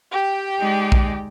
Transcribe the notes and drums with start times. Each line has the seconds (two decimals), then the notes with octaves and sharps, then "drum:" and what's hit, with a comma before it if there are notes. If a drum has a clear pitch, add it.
0.12 G4 G5
0.58 G#3 D#4 D5
0.92 drum: kick A#1